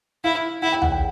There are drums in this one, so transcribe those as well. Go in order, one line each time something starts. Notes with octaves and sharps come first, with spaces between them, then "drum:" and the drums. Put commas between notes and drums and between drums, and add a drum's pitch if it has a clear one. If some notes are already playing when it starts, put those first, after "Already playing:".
E4 F5
E4 F#5
G5
F#5, drum: tom
G5